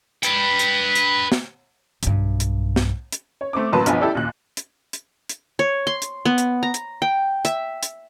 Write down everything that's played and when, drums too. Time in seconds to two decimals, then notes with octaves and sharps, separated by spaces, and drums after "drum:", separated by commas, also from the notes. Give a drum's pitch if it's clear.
0.23 B4 G5, drum: hi-hat
0.59 drum: hi-hat
0.95 drum: hi-hat
1.32 drum: snare
2.03 B1 G2, drum: hi-hat
2.40 drum: hi-hat
2.76 drum: snare
3.12 drum: hi-hat
3.41 C#5
3.53 A3 C4 D6
3.72 A1 F#3 A#3 B4 A5 C6
3.86 B1 G2 F3 B3 G#5, drum: hi-hat
4.01 E4 G4 A4 D5
4.15 D#2 A#2 F#6
4.57 drum: hi-hat
4.93 drum: hi-hat
5.29 drum: hi-hat
5.59 C#5
5.87 C6
6.02 drum: hi-hat
6.25 B3
6.38 drum: hi-hat
6.63 A#5
6.74 drum: hi-hat
7.02 G5
7.45 E5, drum: hi-hat
7.83 drum: hi-hat